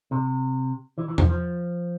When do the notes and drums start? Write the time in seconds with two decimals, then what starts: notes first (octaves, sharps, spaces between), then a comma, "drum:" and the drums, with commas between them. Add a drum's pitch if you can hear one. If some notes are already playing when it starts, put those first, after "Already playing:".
0.11 C3
0.98 E3
1.08 E3
1.18 F3, drum: tom
1.30 F3